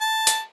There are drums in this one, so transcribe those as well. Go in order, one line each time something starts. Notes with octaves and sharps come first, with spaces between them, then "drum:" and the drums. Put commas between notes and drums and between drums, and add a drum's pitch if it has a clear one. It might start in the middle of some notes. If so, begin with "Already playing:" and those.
A5
drum: hi-hat